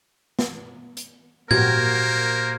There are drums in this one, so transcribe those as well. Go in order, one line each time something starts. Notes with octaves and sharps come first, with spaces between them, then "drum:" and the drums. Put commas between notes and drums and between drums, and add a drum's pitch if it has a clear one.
drum: snare
drum: hi-hat
A#2 A#3 F#4 G4 A#4 C5 G#6, drum: tom G#2